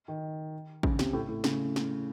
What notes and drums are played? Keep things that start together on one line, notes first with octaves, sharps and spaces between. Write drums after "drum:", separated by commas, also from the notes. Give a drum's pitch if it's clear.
D#3
C#3, drum: kick
C3, drum: snare
A2
A2
C#3, drum: snare
drum: snare